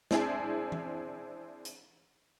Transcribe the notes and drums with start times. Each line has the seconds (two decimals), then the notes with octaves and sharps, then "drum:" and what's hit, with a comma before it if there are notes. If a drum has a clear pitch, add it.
0.11 C4 D4 E4 G#4 C5, drum: snare
0.72 drum: tom E3
1.65 drum: hi-hat